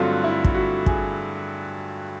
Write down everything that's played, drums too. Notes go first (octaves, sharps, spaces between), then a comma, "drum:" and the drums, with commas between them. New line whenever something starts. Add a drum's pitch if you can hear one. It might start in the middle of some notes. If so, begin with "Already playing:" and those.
Already playing: G2 D3 F#3 A3 C4 F4 F#4
E4
drum: kick
F#4
G#4, drum: kick